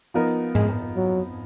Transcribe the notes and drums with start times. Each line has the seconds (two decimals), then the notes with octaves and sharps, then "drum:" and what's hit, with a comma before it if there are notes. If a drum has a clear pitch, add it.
0.14 F3 B3 D#4 A#4
0.55 G#3, drum: tom G#2
0.96 F#3